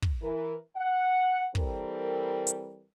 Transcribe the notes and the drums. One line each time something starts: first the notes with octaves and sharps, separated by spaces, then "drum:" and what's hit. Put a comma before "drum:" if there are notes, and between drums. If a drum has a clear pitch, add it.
drum: kick
E3 A#4
F#5
E3 G3 C4 A4 A#4, drum: kick
drum: hi-hat